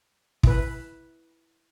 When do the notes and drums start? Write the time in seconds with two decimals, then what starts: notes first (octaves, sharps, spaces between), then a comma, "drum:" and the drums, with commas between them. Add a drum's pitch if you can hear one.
0.43 E4 B4, drum: kick